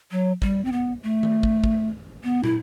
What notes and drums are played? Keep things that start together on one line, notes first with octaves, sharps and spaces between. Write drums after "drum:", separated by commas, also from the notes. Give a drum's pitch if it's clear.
F#3
G3, drum: kick
C4
B3
A3
drum: tom D#3
drum: kick
drum: kick
B3
E4, drum: tom